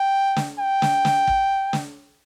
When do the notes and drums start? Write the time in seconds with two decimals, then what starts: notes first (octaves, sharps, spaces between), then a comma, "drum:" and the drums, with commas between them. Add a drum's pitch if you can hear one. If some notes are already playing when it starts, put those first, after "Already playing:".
Already playing: G5
0.36 drum: snare
0.59 G5
0.82 drum: snare
1.05 drum: snare
1.27 drum: kick
1.73 drum: snare